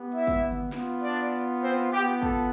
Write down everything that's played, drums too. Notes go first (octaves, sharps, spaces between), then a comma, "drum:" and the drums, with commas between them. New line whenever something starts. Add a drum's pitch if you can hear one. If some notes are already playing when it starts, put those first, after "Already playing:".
Already playing: B3 G4
E4 E5
drum: kick
drum: tom D3
B3 F4, drum: snare
D4 D5
C4 C5
B3 F4 G4
A4, drum: kick